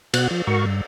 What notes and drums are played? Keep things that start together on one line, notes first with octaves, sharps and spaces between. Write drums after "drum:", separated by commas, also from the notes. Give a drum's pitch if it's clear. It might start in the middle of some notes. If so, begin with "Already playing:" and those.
B2 F#4 F#6, drum: cymbal
F3
G#2 F#4 A#4 C#6
G2